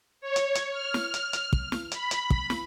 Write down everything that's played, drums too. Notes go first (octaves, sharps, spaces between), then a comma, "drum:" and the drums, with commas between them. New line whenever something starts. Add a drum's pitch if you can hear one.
C#5
drum: hi-hat
drum: hi-hat
F6
drum: snare
drum: hi-hat
drum: hi-hat
drum: kick
drum: snare
B5, drum: hi-hat
drum: hi-hat
drum: kick
drum: snare